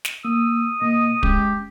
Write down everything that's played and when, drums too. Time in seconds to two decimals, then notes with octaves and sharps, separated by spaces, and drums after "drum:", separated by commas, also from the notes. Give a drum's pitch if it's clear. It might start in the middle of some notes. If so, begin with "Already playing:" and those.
0.05 drum: snare
0.25 A#3 D#6 E6
0.81 A#2 A#3 D#5
1.23 G#3 C#4 G4, drum: kick